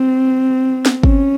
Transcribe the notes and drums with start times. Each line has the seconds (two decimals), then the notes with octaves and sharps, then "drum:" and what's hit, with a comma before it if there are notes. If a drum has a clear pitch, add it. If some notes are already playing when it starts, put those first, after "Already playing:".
Already playing: C4
0.86 drum: snare
1.03 C#4, drum: kick